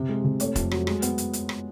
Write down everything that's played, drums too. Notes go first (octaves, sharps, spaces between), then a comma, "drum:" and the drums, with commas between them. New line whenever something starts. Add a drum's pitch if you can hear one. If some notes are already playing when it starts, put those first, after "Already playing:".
Already playing: C3
G#3
C3
A3 C#5, drum: hi-hat
F2, drum: kick E1, hi-hat
F#3, drum: rim click
G#3, drum: rim click
B3, drum: hi-hat
drum: hi-hat
drum: hi-hat
drum: rim click